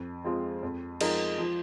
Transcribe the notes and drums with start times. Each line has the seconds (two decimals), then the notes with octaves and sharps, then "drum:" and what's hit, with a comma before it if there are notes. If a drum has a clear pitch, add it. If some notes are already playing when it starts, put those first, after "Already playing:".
Already playing: F2
0.24 F3 G#3 C4 F4
0.63 F2
1.00 F3 G#3 D#4 A#4, drum: cymbal
1.39 F3